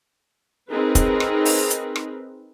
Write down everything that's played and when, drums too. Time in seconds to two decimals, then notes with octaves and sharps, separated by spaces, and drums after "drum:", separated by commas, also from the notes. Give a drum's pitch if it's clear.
0.70 C4 D#4 G#4 A#4 B4
0.95 drum: kick, hi-hat
1.20 drum: rim click
1.45 drum: open hi-hat
1.70 drum: hi-hat
1.96 drum: rim click